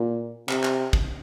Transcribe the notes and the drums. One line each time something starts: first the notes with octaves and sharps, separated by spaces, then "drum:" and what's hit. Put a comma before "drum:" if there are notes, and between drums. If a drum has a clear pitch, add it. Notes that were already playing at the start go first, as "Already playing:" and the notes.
Already playing: A#2
C3, drum: clap
drum: clap
drum: kick